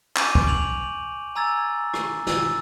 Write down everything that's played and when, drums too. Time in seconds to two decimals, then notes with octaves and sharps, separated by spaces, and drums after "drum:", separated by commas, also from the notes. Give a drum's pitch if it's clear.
0.16 G#5 C#6 D6 G6 D7 D#7, drum: clap
0.35 drum: kick
0.48 F7 F#7
1.35 G#5 A#5 E6 G#6 A6
1.94 drum: rim click
2.27 E6 A6, drum: snare